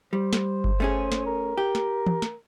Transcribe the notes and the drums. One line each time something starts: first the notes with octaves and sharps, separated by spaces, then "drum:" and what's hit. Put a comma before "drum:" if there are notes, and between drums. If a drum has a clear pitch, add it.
G3 C5
drum: snare
drum: kick G1
A3 C#4 G#4
drum: snare
A#4
G4
drum: snare
drum: tom
drum: snare